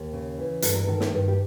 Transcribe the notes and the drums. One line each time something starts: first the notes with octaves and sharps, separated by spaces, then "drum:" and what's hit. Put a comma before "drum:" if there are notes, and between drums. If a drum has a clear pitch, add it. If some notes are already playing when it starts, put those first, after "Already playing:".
Already playing: D#2
C#3
E3
G2 A4, drum: hi-hat
A#4
D#3 A4
drum: snare
G2
G4